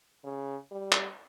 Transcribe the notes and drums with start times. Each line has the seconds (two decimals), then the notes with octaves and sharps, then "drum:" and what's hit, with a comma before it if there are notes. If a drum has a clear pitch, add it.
0.24 C#3
0.71 G3
0.92 drum: clap